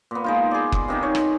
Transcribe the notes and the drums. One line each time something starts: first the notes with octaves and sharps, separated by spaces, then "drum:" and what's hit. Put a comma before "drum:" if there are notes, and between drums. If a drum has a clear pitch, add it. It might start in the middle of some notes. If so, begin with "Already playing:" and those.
A#2 B3
G#3 D#4 F4
G#4 D5
drum: kick F#1
C3 D#3 D#4
C#5
drum: rim click